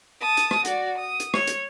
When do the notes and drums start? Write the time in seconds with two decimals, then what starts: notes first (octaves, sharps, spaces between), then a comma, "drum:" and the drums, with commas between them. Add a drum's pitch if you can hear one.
0.21 A5 D#6
0.37 drum: hi-hat
0.51 drum: rim click
0.65 F#4 D5, drum: hi-hat
0.98 D#6
1.20 drum: hi-hat
1.34 C#5, drum: rim click
1.47 drum: hi-hat